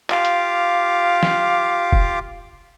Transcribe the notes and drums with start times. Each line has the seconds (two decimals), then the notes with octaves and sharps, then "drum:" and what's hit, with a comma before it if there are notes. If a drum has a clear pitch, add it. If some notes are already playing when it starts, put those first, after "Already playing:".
0.10 F4 G4 F5 D6, drum: clap
0.25 drum: hi-hat
1.23 drum: snare
1.93 drum: kick